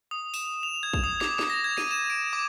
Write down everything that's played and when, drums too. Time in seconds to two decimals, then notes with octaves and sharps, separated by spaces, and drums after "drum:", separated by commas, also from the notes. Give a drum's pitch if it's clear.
0.11 D#6
0.34 E7, drum: tambourine
0.63 F7
0.83 G#6
0.93 drum: kick
1.04 D#6
1.21 D6, drum: snare
1.39 drum: snare
1.50 A#6
1.64 G#6
1.78 D#7, drum: snare
1.91 E7
2.10 D7
2.33 D6